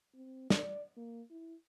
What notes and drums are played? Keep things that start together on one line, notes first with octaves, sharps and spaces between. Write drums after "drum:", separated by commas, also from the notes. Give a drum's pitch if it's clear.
C4
D5, drum: snare
A#3
E4